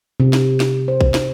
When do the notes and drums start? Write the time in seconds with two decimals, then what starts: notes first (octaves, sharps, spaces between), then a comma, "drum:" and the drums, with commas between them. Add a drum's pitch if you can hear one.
0.20 C3
0.33 drum: snare
0.60 drum: snare
0.88 C5
1.01 drum: kick A#1
1.14 drum: snare